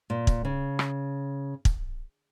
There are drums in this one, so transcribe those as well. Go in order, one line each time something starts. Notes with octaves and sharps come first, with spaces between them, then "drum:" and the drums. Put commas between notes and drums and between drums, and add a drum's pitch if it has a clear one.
A#2
drum: kick
C#3
drum: rim click
drum: kick